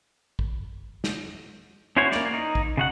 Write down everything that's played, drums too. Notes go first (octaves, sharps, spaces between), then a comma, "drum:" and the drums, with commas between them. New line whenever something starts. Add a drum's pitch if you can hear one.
drum: kick
drum: snare
C#4 E4 F#4 C5 C#5
A#3 D5, drum: snare
D#4
drum: kick
C#3 F#4 F#5